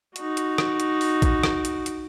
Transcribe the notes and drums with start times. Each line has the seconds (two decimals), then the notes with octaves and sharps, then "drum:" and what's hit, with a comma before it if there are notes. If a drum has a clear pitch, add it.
0.16 D#4 F#4, drum: hi-hat
0.37 drum: hi-hat
0.58 drum: rim click
0.80 drum: hi-hat
1.01 drum: open hi-hat
1.22 drum: kick, hi-hat
1.43 drum: rim click
1.65 drum: hi-hat
1.86 drum: hi-hat